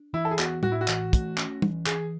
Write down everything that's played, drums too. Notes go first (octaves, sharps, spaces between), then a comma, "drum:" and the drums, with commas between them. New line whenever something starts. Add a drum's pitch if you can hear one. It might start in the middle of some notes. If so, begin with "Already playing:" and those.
Already playing: D4
E3 E4
A4
G#4
B3 F#4, drum: clap
A2 F#4, drum: tom
E4
F#4
E3, drum: clap
A3, drum: kick, hi-hat
C#4, drum: clap
E3, drum: tom
E3 G#4, drum: clap